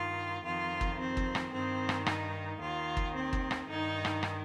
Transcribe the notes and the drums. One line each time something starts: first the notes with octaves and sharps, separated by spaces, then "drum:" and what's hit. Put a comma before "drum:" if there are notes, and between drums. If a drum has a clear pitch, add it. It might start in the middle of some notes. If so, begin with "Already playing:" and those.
Already playing: G2 D#3 F4
F2 D#3 F4
drum: kick
C4
drum: kick
drum: rim click
G2 D#3 C4
drum: rim click
D#4, drum: rim click
D#2 D#3 F4
drum: kick
C4
drum: kick
drum: rim click
G2 D#3 D#4
drum: rim click
drum: rim click